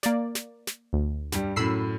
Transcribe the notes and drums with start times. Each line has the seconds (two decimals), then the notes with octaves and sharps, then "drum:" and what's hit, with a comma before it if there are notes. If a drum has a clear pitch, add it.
0.03 A#3 D5, drum: snare
0.35 drum: snare
0.67 drum: snare
0.93 D2
1.32 G2 G3, drum: snare
1.56 F#2 A2 B5 E6 C7